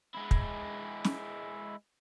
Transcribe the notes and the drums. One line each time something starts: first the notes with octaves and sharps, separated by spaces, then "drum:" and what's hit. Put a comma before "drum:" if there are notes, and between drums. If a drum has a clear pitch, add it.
G#3 E4
drum: kick
drum: snare